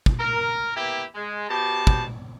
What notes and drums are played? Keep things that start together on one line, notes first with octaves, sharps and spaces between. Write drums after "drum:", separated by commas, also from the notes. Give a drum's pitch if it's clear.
drum: kick
A#4
A#3 B3 E4 G4
G#3
B2 G4 C5 A5
drum: kick